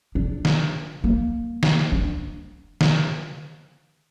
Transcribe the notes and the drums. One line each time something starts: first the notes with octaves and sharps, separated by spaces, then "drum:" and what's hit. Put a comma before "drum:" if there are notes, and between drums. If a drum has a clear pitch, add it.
D4
drum: snare
A#3
drum: snare
D4
drum: snare